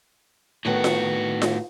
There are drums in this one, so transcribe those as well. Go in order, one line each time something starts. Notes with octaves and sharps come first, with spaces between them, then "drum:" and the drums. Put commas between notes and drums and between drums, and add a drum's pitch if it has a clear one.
A2 D#3 A3 B3 F#4
drum: snare F4
drum: snare F4